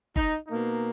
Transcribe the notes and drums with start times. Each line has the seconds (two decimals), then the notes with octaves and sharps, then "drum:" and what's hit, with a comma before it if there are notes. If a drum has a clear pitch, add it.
0.16 D#4, drum: kick
0.47 B2 A#3 D#4